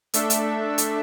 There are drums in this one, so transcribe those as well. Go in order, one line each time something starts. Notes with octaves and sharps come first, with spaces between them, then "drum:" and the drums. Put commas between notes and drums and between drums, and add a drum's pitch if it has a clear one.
A3 D4 A4 E5, drum: hi-hat
drum: hi-hat
drum: hi-hat